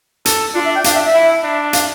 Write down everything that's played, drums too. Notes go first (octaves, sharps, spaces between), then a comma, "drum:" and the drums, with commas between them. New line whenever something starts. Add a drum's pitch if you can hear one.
A4, drum: hi-hat
D4 F4
E5
G5
D4 F5, drum: hi-hat
E5
E5
E4
D4
F5, drum: hi-hat